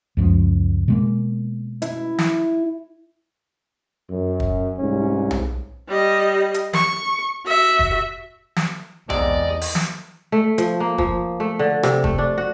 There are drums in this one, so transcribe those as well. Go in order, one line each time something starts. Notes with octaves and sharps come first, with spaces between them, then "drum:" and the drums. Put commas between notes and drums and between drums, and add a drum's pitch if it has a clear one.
C#2 F#2 F3
B2 G#3 A#3
E4, drum: hi-hat
drum: snare
F#2
drum: kick
C2 G#2 C#4
drum: tom B1
G3 D#5
drum: hi-hat
C#6, drum: snare
F#4 E5
drum: kick
drum: snare
E2 G#2 C3 D5 D#5, drum: tom B1
drum: open hi-hat
drum: snare
A3
F3, drum: hi-hat
A#3
F3, drum: kick
A3
D3
C3, drum: rim click
A3, drum: kick
D4
F#4